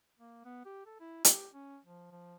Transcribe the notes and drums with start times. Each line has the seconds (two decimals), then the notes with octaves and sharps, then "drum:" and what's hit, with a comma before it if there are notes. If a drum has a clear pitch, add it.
0.19 A#3
0.45 B3
0.65 G4
0.86 A4
1.00 E4
1.25 G4, drum: hi-hat
1.53 C#4
1.85 F3
2.11 F3